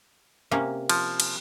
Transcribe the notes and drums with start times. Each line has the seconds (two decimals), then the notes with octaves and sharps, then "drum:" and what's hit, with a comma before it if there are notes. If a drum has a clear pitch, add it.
0.51 C3 A#3 C#4
0.89 F3, drum: cymbal
1.20 drum: cymbal